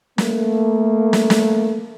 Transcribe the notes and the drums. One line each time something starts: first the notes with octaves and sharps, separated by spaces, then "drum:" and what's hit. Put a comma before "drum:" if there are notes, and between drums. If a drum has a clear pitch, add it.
A3 A#3, drum: snare
drum: snare
drum: snare